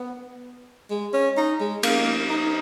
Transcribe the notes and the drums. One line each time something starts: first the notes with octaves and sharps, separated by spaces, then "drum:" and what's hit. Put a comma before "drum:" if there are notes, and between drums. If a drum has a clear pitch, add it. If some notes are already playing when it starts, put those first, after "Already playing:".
Already playing: B3
G#3
C#4
D#4
G#3
A#3, drum: cymbal
D#4